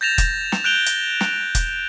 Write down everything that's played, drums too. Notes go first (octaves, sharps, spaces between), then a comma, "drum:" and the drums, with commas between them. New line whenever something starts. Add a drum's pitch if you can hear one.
G6 A6 A#6 E7 F7
drum: kick, hi-hat
drum: snare
F#6 G6 D7 F7 G7
drum: hi-hat
drum: snare
drum: kick, hi-hat